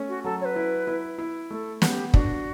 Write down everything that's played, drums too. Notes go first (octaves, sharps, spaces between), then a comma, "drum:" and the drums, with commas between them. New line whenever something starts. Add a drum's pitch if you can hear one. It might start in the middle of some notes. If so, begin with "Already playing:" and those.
Already playing: A3 C#4
F#4
F#3 A4
C#5
B4
E4
E4
E4
A3 A4
B3 A4, drum: snare
G4
D4 F#4, drum: kick